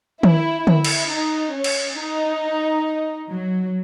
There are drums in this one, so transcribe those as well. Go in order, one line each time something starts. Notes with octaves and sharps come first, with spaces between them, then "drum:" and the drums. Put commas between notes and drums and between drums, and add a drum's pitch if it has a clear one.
E4, drum: tom D#3
E4, drum: tom D3
drum: cymbal
D#4
C#4
drum: cymbal
D#4
F#3